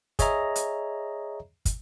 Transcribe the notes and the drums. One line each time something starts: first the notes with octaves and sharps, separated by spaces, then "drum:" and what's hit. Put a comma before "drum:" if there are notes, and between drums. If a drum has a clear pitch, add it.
G#4 C#5 D#5 E5 A#5, drum: kick, hi-hat
drum: hi-hat
drum: kick, hi-hat